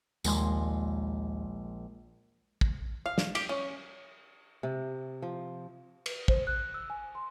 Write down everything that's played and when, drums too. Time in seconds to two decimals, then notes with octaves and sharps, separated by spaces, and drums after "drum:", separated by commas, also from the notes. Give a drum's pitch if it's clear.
0.24 A#1 D#2 G#3 C6, drum: tambourine
2.61 drum: kick
3.06 F5
3.18 drum: snare
3.35 G4, drum: cymbal
3.49 C#4
4.63 C3
5.22 F3
6.06 B4, drum: cymbal
6.28 C5, drum: kick
6.47 F#6
6.74 E6
6.90 G#5
7.15 C6